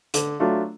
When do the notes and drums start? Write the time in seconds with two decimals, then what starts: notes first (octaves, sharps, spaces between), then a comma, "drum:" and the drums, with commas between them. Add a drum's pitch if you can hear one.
0.14 D3, drum: hi-hat
0.40 F#3 A3 D4 F4